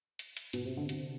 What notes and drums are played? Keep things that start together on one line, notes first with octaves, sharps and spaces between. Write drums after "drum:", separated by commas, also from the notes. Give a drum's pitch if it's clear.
drum: hi-hat
drum: hi-hat
B2, drum: hi-hat
C3
D3
C3, drum: hi-hat